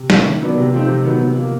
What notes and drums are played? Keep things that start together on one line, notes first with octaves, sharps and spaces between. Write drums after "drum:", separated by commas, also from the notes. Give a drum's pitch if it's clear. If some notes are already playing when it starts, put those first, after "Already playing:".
Already playing: C3
F3 A#3 C#4 E4, drum: snare
D#3
F#3 B3 D4
C3
F3 A3 C4 D#4
C3
D#3 F#3 B3 D#4
C3
F3 A#3